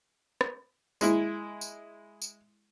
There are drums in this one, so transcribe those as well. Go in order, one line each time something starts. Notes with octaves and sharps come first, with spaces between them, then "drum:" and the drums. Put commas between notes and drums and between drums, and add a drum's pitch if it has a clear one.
drum: rim click
G#3 E4, drum: tambourine
drum: tambourine
drum: tambourine